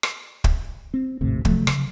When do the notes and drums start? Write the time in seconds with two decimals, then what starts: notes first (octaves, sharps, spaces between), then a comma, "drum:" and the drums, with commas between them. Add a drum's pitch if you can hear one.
0.03 drum: rim click
0.44 drum: kick
0.94 C4
1.21 G#1 D#2 A2 C3
1.45 C3 F3 F#3 A3, drum: kick
1.67 C#3, drum: rim click